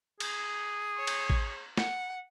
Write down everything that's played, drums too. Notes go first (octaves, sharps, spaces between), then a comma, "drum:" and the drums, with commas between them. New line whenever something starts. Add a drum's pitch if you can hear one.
G#4, drum: cymbal
C#5
drum: cymbal
drum: kick A1
F#5, drum: snare